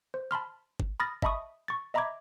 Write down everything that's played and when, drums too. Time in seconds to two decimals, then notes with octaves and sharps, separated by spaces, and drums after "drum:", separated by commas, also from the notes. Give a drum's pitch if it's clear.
0.14 C5
0.31 A5 B5 C6 F6
0.80 drum: kick
1.00 B5 D#6 F6 A6 A#6
1.22 D#5 E5 A5 B5 C#6 D#6, drum: kick
1.68 C#6 A6
1.94 D#5 E5 A#5 B5 D6 G#6